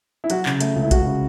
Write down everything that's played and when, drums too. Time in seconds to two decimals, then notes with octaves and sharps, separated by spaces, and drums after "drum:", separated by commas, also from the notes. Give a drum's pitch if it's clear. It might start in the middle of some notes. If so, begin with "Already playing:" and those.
0.24 E4
0.30 F#3 F#4, drum: hi-hat
0.46 C#3, drum: clap
0.60 A3, drum: hi-hat
0.76 C#2
0.83 E4
0.91 C#2 F#4, drum: kick A#1, hi-hat
1.06 C#3